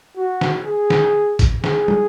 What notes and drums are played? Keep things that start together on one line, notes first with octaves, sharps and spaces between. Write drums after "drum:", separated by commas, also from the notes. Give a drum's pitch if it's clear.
F#4
drum: snare
G#4
drum: snare
drum: kick, hi-hat
G#4, drum: snare
drum: tom